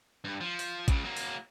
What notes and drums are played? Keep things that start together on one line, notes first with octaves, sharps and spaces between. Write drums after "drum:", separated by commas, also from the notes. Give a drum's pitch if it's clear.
G2
F3
drum: open hi-hat
C#2 C#3, drum: kick A1, hi-hat
F#3 A#3
drum: open hi-hat